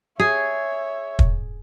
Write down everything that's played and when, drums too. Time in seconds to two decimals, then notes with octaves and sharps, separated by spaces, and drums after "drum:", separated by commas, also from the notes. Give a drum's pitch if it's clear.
0.20 G#4 C#5 E5
1.19 drum: kick